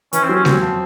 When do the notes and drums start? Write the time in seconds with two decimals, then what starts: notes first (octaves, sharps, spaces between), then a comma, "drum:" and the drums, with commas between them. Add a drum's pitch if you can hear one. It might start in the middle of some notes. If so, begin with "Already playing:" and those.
0.13 E3 C#4, drum: hi-hat
0.24 C4
0.29 F#3
0.35 C#4
0.45 F#3 C4, drum: snare G#3
0.62 F3